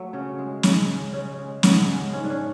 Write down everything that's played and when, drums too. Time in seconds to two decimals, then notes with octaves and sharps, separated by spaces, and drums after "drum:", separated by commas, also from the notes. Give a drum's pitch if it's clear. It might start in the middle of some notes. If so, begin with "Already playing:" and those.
Already playing: F#3 A3
0.13 C#3 C#4
0.38 G#3
0.63 C#3, drum: snare
0.88 G#3
1.13 C#3 C#4
1.38 G#3
1.63 C#3 B3, drum: snare
1.88 G#3
2.13 G#2 C#4
2.24 D4
2.30 C#4